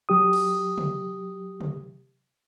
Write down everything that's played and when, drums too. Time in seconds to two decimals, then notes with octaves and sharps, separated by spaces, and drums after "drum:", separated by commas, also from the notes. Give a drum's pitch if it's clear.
0.09 F#3 G4 D#6
0.33 drum: cymbal
0.78 drum: tom
1.61 drum: tom